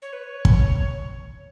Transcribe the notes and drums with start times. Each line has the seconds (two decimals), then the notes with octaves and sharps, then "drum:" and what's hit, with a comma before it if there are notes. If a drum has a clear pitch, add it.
0.02 C#5
0.13 B4
0.23 C#5
0.45 drum: kick